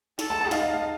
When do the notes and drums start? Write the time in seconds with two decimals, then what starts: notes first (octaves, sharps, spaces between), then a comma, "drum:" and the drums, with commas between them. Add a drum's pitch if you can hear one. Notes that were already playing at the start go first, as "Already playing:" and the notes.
0.19 A4, drum: snare
0.30 A5
0.41 A5
0.51 D#4 F5, drum: snare
0.63 F5
0.73 F5